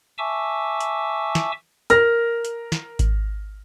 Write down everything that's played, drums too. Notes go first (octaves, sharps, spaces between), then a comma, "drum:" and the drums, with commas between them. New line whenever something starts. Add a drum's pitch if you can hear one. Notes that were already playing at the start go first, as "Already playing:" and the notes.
E5 G#5 A5 C#6 D6 E6
drum: hi-hat
drum: snare
A#4 F6 A#6, drum: hi-hat
drum: hi-hat
drum: snare
drum: kick G#1, hi-hat